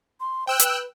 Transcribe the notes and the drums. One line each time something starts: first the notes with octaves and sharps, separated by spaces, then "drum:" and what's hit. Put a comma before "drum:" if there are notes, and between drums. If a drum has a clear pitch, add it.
C6
C5 G5 E6 F#6
B4, drum: hi-hat